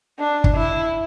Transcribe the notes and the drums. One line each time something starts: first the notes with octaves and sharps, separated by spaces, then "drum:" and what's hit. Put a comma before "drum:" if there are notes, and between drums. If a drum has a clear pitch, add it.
D4
drum: kick
E4